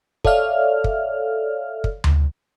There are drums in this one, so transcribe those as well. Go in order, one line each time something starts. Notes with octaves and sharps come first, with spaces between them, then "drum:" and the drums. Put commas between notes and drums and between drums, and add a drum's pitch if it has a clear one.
A4 C#5 D5 E5 F5 F6, drum: kick
drum: kick
drum: kick
drum: tom D2